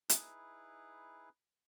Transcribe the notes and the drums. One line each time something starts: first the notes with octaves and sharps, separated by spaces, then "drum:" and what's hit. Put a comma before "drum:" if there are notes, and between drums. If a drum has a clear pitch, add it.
D#4 E4 G#4 B4, drum: hi-hat